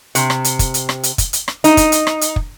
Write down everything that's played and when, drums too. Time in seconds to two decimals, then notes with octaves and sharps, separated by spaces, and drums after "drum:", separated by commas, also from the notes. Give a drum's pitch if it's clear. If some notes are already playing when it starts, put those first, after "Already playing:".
0.15 C3, drum: hi-hat
0.30 drum: rim click
0.44 drum: hi-hat
0.59 drum: kick, hi-hat
0.74 drum: hi-hat
0.89 drum: rim click
1.03 drum: hi-hat
1.18 drum: kick, hi-hat
1.33 drum: hi-hat
1.48 drum: rim click
1.64 D#4, drum: hi-hat
1.77 drum: kick, hi-hat
1.92 drum: hi-hat
2.07 drum: rim click
2.21 drum: hi-hat
2.36 drum: kick